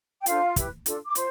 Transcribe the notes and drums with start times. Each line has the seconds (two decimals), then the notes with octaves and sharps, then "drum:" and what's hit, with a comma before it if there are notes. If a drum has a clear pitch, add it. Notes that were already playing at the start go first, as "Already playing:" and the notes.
0.21 G5
0.26 D4 F4 A4 C5 F5, drum: hi-hat
0.56 E4 G4 B4, drum: kick, hi-hat
0.86 D4 F4 A4, drum: hi-hat
1.06 D6
1.15 F4 C5 C6, drum: hi-hat